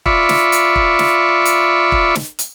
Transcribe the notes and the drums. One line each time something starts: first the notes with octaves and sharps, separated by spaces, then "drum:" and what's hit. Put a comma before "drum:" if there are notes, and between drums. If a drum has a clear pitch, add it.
F4 D5 E5 B5 C#6, drum: kick
drum: snare
drum: hi-hat
drum: kick
drum: snare
drum: hi-hat
drum: kick
drum: snare
drum: hi-hat